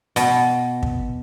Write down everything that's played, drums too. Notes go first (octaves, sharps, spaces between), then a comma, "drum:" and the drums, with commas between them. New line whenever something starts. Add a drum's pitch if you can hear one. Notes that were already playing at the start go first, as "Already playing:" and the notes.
B2, drum: hi-hat
drum: kick